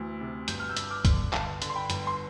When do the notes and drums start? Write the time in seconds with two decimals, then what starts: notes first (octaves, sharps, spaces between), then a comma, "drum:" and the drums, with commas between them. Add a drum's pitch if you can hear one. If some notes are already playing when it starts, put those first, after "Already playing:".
Already playing: D2 E3
0.21 C3
0.48 G1 G6, drum: hi-hat
0.60 F6
0.69 E6 G6
0.76 G2, drum: hi-hat
0.90 D6 F6
1.05 D3, drum: kick C2, hi-hat
1.33 G1 F5 A5, drum: clap
1.62 D3, drum: hi-hat
1.70 C6
1.75 G5 B5
1.90 G1, drum: hi-hat
2.07 C6